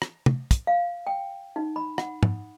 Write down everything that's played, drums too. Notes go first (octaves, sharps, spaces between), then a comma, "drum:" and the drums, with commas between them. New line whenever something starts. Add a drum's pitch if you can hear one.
drum: rim click
drum: tom
drum: kick, hi-hat
F5
G5
D#4
B5
F#5, drum: rim click
drum: tom